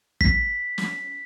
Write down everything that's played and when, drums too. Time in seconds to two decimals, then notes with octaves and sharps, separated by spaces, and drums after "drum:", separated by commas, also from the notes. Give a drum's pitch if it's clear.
0.21 B6, drum: kick
0.78 drum: snare